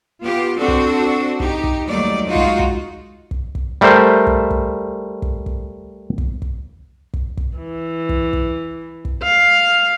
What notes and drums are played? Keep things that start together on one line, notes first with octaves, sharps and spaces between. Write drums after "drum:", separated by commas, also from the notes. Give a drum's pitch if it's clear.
B3 F4 G4
C4 D4 F#4 A4
drum: kick
D#4 G4, drum: kick
drum: kick
D#2 F#3 G3 A3 D#4 D5
G#3 D#4 F4 F#4
drum: kick
drum: kick
drum: kick
drum: kick
G3 A3 A#4 C5
drum: kick
drum: kick
drum: kick
drum: kick
drum: kick
drum: kick
drum: kick
drum: kick
E3
drum: kick
drum: kick
drum: kick
F5